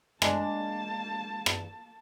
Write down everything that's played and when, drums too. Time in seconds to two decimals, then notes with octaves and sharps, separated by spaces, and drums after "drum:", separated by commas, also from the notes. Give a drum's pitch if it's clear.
0.22 G#3 A#3 D4 A5, drum: rim click
1.46 drum: rim click